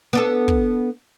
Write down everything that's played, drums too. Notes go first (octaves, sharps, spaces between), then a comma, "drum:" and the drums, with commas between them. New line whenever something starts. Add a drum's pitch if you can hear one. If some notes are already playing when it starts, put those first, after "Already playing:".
B3 D4 A4
drum: kick